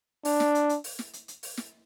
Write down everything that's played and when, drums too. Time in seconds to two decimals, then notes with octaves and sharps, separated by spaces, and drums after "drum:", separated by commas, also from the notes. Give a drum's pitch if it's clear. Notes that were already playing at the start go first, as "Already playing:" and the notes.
0.25 D4, drum: open hi-hat
0.40 drum: snare
0.55 drum: hi-hat
0.69 drum: hi-hat
0.84 drum: open hi-hat
0.99 drum: snare
1.13 drum: hi-hat
1.28 drum: hi-hat
1.43 drum: open hi-hat
1.57 drum: snare